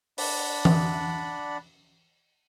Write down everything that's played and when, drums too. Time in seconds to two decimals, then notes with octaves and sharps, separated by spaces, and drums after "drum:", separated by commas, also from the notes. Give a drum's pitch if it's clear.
0.18 D4 D5 F#5 B5, drum: open hi-hat
0.65 drum: tom E3